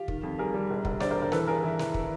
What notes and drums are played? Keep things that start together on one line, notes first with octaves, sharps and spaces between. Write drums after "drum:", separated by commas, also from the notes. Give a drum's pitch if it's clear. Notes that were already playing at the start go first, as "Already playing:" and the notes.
Already playing: F4 G4
D#3, drum: kick
F2
G3 G#4 A#4
G3
E1
E1, drum: kick
D3 C5 D5, drum: snare
A#4 C5
E1
A#4 C5
E3 A4 B4, drum: snare
G2 G#4 A#4
E3 E4
E3, drum: snare
drum: kick